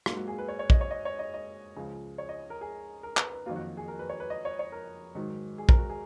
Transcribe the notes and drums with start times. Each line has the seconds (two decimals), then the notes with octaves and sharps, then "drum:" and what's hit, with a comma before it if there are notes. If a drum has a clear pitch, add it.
0.06 G#2 F#3 A#3 F4, drum: rim click
0.17 F#4
0.28 G#4
0.38 B4
0.48 C#5
0.59 C#5
0.70 D#5, drum: kick A#1
0.81 C#5
0.91 D#5
1.05 C#5
1.19 D#5
1.34 D#5
1.76 C#2 C#3 F3
2.18 C#5
2.29 D#5
2.50 A#4
2.61 G#4
3.03 A#4
3.17 B4, drum: clap
3.32 B4
3.46 F2 D#3 F#3 A#3 F4
3.56 F#4
3.77 G#4
3.88 A#4
3.99 B4
4.09 C#5
4.20 B4
4.30 D#5
4.45 C#5
4.59 C#5
4.72 A#4
5.15 G#2 D#3 F#3
5.58 G#4
5.69 A#4, drum: kick A#1
5.78 F#4
5.90 G#4